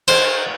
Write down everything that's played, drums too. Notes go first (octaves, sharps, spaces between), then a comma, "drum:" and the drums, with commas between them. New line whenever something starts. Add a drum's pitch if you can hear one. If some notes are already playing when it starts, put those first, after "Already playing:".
C5, drum: cymbal